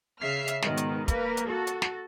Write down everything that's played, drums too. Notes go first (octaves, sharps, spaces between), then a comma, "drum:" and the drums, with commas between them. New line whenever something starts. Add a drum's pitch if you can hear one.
C#3 E5 F6 C7
drum: hi-hat
G#2 B2 D#3, drum: snare
drum: hi-hat
A#3 A#4 B4, drum: kick, hi-hat
drum: hi-hat
F#4 A4
drum: hi-hat
drum: snare